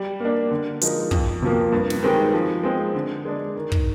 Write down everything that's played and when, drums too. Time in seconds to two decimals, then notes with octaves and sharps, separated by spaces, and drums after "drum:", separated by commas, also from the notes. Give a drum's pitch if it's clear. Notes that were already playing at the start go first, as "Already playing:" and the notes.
Already playing: G3
0.20 A#3 D4
0.51 D3
0.81 F3 G#3 D#4 A#4, drum: hi-hat
1.11 F2, drum: kick
1.42 C3 F3 A#3
1.72 G2
1.90 drum: snare
2.03 D#3 G#3 C4 G4
2.33 F3
2.63 G#3 C4
2.95 D3
3.25 G#3 D4
3.56 D#3
3.72 drum: kick